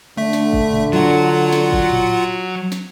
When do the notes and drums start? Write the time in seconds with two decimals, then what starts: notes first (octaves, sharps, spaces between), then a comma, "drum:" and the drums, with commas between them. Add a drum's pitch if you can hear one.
0.17 D3 A3 E5
0.33 drum: snare
0.53 drum: kick
0.73 drum: tom A2
0.93 F#3 F4 F#5
1.52 drum: snare
1.72 drum: kick
1.92 drum: tom A2
2.72 drum: snare